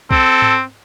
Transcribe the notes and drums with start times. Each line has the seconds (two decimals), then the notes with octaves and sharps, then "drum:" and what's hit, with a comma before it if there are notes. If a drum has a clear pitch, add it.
0.11 C4 A4, drum: kick
0.42 drum: tom G#2